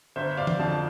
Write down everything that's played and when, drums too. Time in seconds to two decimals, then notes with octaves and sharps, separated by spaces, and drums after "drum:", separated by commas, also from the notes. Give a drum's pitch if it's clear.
0.16 G1 C5 E5
0.37 D5 F5
0.47 drum: tom E3
0.59 F2 D3 F3 F5 A5
0.70 A5